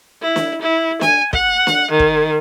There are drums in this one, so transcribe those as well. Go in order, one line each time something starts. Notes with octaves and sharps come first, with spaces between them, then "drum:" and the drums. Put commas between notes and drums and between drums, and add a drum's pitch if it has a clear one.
E4
drum: snare
E4
G#5, drum: snare
F#5, drum: kick
drum: snare
D#3
drum: kick